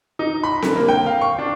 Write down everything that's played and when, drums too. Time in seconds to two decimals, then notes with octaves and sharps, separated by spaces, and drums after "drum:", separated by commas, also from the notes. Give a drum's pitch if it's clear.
0.19 D#4
0.43 B5
0.62 D3, drum: snare C4
0.75 A#3
0.89 G5
1.06 F5
1.21 C#6
1.39 D4